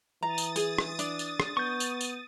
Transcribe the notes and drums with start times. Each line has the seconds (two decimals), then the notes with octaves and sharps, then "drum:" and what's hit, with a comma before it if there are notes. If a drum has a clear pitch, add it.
0.23 E3 A#5 D#6 A6
0.38 drum: tambourine
0.56 G#4, drum: tambourine
0.78 drum: rim click
0.99 D4, drum: tambourine
1.19 drum: tambourine
1.40 drum: rim click
1.57 B3 C#6 G6
1.80 drum: tambourine
2.01 drum: tambourine